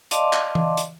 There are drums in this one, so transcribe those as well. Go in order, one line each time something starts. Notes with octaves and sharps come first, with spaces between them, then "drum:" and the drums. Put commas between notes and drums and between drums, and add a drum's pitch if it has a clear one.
D5 D#5 F5 A5 C6 D6, drum: hi-hat
drum: clap
drum: tom E3
drum: hi-hat